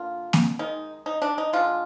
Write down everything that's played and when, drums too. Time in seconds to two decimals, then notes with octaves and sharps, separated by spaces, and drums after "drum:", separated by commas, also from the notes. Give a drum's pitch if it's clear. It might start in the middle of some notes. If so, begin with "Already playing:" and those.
Already playing: D3 A#3 F4
0.33 drum: snare A#3
0.59 D#3 G#3 D#4
1.06 D#4
1.22 D4
1.38 D#4
1.53 D3 G#3 F4